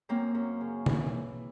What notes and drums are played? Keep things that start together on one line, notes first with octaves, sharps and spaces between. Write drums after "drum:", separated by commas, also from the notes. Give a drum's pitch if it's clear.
F#2 A#3 C4
F#2
C#3
E3, drum: tom